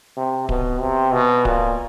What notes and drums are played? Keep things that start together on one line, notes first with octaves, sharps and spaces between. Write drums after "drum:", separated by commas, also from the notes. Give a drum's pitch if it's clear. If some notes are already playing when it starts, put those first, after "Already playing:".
C3
B2, drum: kick D1
C3
B2
A#2, drum: kick D1